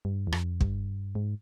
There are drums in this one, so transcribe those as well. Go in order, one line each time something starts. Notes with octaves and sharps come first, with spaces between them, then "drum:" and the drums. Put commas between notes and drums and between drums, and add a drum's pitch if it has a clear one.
G2
E2
F2, drum: rim click
G2, drum: kick
G#2